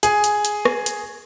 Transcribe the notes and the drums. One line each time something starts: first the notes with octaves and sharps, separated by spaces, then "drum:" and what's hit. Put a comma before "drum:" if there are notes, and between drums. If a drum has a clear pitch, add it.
G#4, drum: hi-hat
drum: hi-hat
drum: hi-hat
drum: rim click
drum: hi-hat